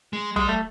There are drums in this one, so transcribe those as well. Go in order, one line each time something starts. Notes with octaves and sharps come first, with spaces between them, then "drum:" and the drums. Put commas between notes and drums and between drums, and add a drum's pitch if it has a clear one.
G#3
G3 G#3, drum: kick
A3